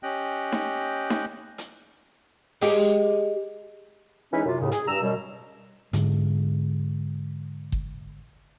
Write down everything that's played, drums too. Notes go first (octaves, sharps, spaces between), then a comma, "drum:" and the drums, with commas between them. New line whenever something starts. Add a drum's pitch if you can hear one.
C#4 G4 D#5 G5 F#6
drum: snare D#4
drum: snare D#4
drum: hi-hat
G#3 G4, drum: open hi-hat
E3 G#3 C#4 D#4 B4 C#5
F#2 C3 F4
D#2 A2 C#3
G#4, drum: hi-hat
G2 A#5 E6
F#2 B2 G3
G#2 D3, drum: hi-hat
drum: kick G1